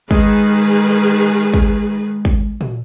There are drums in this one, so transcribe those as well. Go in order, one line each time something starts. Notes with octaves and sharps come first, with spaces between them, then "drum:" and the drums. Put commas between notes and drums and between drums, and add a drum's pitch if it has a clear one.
D#3 G#3 G#4 B4, drum: kick
drum: kick
drum: kick
drum: tom A#2